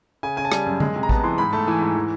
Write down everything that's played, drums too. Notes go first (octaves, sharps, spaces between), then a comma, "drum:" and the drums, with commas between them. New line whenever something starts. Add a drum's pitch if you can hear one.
C#3 G#5
C#3 G#5
A5
G3 G#5, drum: rim click
F#2
G#3, drum: tom D3
C3
A#5
B3 A5, drum: kick A1
E3 C6
G#2 B5
A3 A5
E3 G#5
G#2
E3